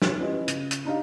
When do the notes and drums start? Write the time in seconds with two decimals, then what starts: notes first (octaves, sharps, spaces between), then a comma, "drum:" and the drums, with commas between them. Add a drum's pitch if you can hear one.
0.02 drum: snare
0.20 F3 C#4 E4 G4 B4 D#5
0.48 C#3, drum: hi-hat
0.71 drum: hi-hat
0.85 D4 D#4 G4 F5